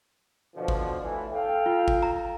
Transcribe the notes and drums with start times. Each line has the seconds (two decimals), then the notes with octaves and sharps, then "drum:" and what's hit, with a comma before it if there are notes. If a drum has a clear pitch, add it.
0.56 B2 D3 F3
0.68 drum: kick G1
1.03 A2 E3
1.32 A4 F5 G5
1.66 F4
1.88 drum: kick G1
2.03 A#5